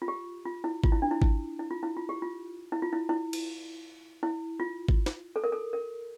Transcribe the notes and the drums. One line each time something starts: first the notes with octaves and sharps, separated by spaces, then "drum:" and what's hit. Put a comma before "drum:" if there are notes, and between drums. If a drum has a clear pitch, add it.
F4
G4
F4
E4
F4, drum: kick G#1
E4
D4
E4
E4, drum: kick G#1
E4
F4
E4
F4
G4
F4
E4
F4
E4
E4
drum: cymbal
E4
F4
drum: kick G#1
drum: snare
A4
A#4
A4
A#4